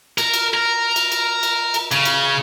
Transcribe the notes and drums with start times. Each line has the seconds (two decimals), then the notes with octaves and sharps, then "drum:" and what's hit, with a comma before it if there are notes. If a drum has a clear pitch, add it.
0.18 A#4, drum: cymbal
0.34 drum: cymbal
0.54 A#4
0.96 drum: cymbal
1.12 drum: cymbal
1.43 drum: cymbal
1.74 drum: cymbal
1.91 C#3, drum: cymbal
2.05 drum: cymbal